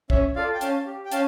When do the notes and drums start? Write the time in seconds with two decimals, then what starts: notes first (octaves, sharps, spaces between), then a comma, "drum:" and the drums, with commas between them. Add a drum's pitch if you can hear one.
0.10 C#4 C#5 E5, drum: kick
0.36 F4 A4 D5 F5
0.54 G5
0.61 C#4 F5 A5, drum: hi-hat
0.86 G4
1.05 G5
1.12 C#4 F5 A5, drum: hi-hat